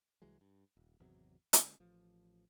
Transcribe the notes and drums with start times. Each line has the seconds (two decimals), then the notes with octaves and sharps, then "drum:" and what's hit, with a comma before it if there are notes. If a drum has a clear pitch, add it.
0.22 C2 E3 F#3 G#3
0.41 G2
0.77 D#1
1.00 G#1 E2 C3 F#3
1.53 D3 G#3 C#4, drum: hi-hat
1.80 A1 F3